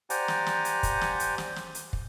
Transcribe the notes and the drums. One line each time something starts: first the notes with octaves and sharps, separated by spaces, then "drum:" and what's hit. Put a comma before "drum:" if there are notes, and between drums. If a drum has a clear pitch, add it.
G4 C5 D5 F#5 G#5 A#5, drum: hi-hat
drum: snare
drum: snare
drum: hi-hat
drum: kick, hi-hat
drum: snare
drum: hi-hat
drum: snare
drum: snare
drum: hi-hat
drum: kick